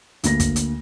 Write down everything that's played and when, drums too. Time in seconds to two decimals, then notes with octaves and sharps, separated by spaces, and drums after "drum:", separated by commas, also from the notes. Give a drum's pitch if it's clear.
0.24 D2 A#3 A#6, drum: hi-hat
0.40 drum: kick, hi-hat
0.56 drum: hi-hat